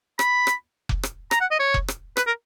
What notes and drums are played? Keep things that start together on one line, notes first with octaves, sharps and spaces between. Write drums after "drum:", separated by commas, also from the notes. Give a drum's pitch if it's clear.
B5, drum: rim click
drum: rim click
drum: kick F1
drum: rim click
A#5, drum: rim click
F#5
D#5
C#5
drum: kick F1
drum: rim click
B4, drum: rim click
A#4